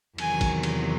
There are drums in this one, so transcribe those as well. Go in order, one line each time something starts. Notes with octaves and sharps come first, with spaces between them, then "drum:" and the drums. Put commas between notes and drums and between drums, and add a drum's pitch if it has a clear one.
E2 C3 D#3 F#3 G#5, drum: cymbal
drum: kick, cymbal
drum: cymbal